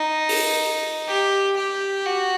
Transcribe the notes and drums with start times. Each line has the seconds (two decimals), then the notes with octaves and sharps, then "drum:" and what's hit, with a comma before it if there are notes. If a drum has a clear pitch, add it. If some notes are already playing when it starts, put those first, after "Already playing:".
Already playing: D#4
0.29 drum: open hi-hat
1.08 G4
1.57 G4
2.06 F#4